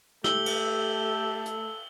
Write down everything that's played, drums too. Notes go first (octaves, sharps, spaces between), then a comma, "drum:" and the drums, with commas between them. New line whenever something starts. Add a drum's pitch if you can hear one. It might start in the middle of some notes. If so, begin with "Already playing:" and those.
A3 G4 A4 E6 F#7 G7, drum: snare
drum: cymbal
drum: hi-hat